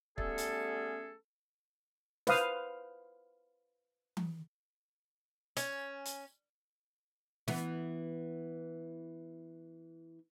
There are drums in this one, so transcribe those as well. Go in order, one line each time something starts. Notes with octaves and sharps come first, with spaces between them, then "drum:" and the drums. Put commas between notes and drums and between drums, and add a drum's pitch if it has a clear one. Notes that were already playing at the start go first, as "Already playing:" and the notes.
G3 A3 B3 C#4 G#4 A4, drum: kick
drum: hi-hat
B4 C5 F5 D#6, drum: snare
drum: tom E3
C#4, drum: hi-hat
drum: hi-hat
E3 B3, drum: snare